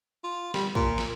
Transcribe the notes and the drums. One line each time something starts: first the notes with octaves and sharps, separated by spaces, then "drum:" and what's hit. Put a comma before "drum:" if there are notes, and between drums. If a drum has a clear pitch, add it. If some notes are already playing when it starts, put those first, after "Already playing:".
F4
G3, drum: snare
A#2, drum: kick
drum: snare